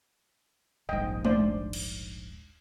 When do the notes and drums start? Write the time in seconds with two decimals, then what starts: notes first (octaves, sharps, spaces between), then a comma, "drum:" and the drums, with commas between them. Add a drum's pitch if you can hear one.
0.89 D#1 A#1 G#2 D#5 G5
1.25 D4 C5 D5, drum: tom G#3
1.73 drum: cymbal